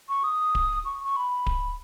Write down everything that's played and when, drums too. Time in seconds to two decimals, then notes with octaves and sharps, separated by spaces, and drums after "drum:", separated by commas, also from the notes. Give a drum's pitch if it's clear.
0.09 C#6
0.24 D#6
0.55 drum: kick D1
0.85 C#6
1.04 C#6
1.17 B5
1.46 drum: kick D1